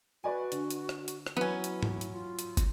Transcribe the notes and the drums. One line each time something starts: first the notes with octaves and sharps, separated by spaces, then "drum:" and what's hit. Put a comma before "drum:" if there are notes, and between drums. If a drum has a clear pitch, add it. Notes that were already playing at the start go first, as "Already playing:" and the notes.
F#4 B4 D5 G#5
D3, drum: hi-hat
drum: hi-hat
drum: rim click
drum: hi-hat
drum: rim click
F#3 B3 C#4 E4
drum: hi-hat
drum: tom G#2
drum: hi-hat
F4
drum: hi-hat
drum: kick, hi-hat